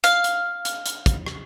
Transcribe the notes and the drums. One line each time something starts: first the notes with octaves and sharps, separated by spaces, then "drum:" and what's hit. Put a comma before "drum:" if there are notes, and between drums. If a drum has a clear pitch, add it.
F5, drum: hi-hat
drum: hi-hat
drum: hi-hat
drum: hi-hat
drum: kick, hi-hat
drum: rim click